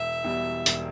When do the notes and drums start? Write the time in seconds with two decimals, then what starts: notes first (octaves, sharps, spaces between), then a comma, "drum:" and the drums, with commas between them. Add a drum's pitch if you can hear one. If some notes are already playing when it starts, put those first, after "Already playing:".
Already playing: E1 E5
0.24 E2 B2 G3
0.66 E1, drum: hi-hat